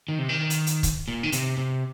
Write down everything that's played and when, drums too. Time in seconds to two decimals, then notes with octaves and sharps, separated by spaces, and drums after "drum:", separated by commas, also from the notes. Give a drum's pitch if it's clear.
0.09 D#3
0.19 C3
0.29 D#3
0.50 drum: hi-hat
0.67 drum: hi-hat
0.83 drum: kick, hi-hat
1.08 A#2
1.23 D#3
1.32 C3, drum: hi-hat
1.57 C3